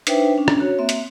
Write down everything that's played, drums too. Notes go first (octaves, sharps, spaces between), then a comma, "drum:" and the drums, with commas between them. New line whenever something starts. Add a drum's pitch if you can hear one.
D4 D#4 B4 C5 E5 G5, drum: hi-hat
C#4 D4
drum: rim click
F#4 C#5
A#3 C4 E5
drum: hi-hat